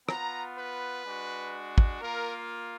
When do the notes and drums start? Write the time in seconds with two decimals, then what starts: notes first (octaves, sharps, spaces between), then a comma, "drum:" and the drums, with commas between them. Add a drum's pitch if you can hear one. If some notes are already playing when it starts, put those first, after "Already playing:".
0.09 B3 F4 A#5, drum: rim click
0.57 B4
1.04 G#3 D4 F#4
1.78 drum: kick
2.02 A#3 F4 A#4